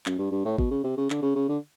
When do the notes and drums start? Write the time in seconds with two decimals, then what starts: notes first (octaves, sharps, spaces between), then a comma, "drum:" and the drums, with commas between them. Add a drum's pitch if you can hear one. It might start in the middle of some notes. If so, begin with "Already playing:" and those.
0.06 F#2, drum: clap
0.18 G2
0.31 G2
0.45 A2
0.58 B2, drum: kick
0.71 C#3
0.84 C3
0.97 C#3
1.10 D3, drum: clap
1.22 C#3
1.35 C#3
1.49 D3